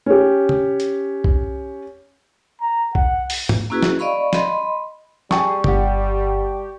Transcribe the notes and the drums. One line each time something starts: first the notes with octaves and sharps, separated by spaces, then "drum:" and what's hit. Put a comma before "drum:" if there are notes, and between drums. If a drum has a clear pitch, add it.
C#4 G4
drum: tom C3
drum: hi-hat
drum: kick B1
A#5
F#5, drum: kick B1
drum: open hi-hat
drum: tom
A#3 C#4 E4 F#4 G#4 B4
drum: snare
D5 D#5 F5 B5 C#6
D#5 B5 C6, drum: snare
G3 G#4 G5 A5 C#6, drum: snare
G1 G4 F#5, drum: tom C3